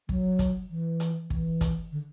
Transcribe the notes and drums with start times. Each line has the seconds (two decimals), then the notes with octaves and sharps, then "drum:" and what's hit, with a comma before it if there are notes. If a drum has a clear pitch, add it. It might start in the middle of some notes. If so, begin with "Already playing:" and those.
0.09 F#3, drum: kick
0.39 drum: kick, hi-hat
0.70 E3
1.00 drum: hi-hat
1.30 E3, drum: kick
1.61 drum: kick, hi-hat
1.92 D3